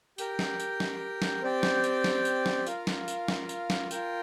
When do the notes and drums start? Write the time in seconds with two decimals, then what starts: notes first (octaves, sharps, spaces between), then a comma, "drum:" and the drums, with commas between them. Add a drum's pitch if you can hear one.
0.18 G4 A#4 G5, drum: tambourine
0.39 drum: snare
0.60 drum: tambourine
0.80 drum: snare
1.22 drum: snare
1.42 C4 G4 D5 G5
1.63 drum: snare
1.84 drum: tambourine
2.04 drum: snare
2.25 drum: tambourine
2.46 drum: snare
2.66 F4 A#4 F5, drum: tambourine
2.87 drum: snare
3.08 drum: tambourine
3.28 drum: snare
3.49 drum: tambourine
3.70 drum: snare
3.91 F4 A#4 G5, drum: tambourine